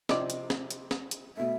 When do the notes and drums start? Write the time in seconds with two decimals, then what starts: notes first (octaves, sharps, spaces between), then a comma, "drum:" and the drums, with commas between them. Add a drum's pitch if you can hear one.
0.09 C3 F3 C4 C#4 E4 D5 D#5, drum: snare
0.30 drum: hi-hat
0.50 drum: snare
0.71 drum: hi-hat
0.91 drum: snare
1.11 drum: hi-hat
1.37 B2 A3 E5